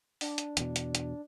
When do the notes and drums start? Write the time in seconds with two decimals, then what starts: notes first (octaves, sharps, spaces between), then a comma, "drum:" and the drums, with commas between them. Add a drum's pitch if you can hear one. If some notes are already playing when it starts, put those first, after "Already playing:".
0.21 D4, drum: open hi-hat
0.38 drum: hi-hat
0.57 E2 B2, drum: hi-hat
0.76 drum: hi-hat
0.95 drum: hi-hat